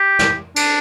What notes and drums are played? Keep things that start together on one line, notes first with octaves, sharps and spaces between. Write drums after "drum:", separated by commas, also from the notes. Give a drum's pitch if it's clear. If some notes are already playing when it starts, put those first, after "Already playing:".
Already playing: G4
drum: snare
D4, drum: cymbal